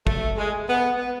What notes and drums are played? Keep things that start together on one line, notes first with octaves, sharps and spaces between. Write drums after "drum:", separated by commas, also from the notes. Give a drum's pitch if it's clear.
A3, drum: kick
G#3
B3
B3